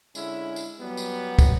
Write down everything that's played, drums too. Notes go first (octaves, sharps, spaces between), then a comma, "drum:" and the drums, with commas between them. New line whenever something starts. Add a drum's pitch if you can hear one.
D3 G#3 C#4 E4, drum: tambourine
drum: tambourine
F#3 G3 B3
drum: tambourine
drum: kick, tambourine